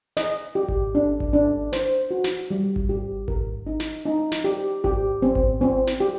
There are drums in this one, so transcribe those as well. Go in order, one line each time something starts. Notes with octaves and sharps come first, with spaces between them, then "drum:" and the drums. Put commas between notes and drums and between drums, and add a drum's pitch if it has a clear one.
D#5, drum: snare
G4
drum: kick G#1
D4
drum: kick G#1
D4
C5, drum: snare
F#4
drum: snare
G3
drum: kick G#1
G4
A#4, drum: kick G#1
D#4
drum: snare
D#4
drum: snare
G4
G4, drum: kick G#1
C4
drum: kick G#1
C4
drum: snare
G4